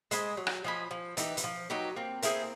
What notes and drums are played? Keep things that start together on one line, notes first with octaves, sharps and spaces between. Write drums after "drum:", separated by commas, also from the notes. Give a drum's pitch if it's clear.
G#3 C5 D#5 G#5 B5, drum: hi-hat
F#3
drum: rim click
F3 C5 D#5 G#5 B5
F3
E3 D#4 G4 B4, drum: hi-hat
E3, drum: hi-hat
F3
F#3 D#4 G4 B4
A#3 C4
A#3 C4 E4 G#4 C5, drum: hi-hat